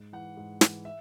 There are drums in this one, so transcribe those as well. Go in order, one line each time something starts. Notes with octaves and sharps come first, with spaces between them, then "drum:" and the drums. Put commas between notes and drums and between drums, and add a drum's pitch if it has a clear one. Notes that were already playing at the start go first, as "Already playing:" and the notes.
Already playing: G#2
E3 F#5
G#2
E3, drum: snare
E5